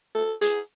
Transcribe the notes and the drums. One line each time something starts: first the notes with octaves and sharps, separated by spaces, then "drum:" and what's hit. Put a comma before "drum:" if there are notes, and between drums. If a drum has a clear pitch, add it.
A4
G#4, drum: hi-hat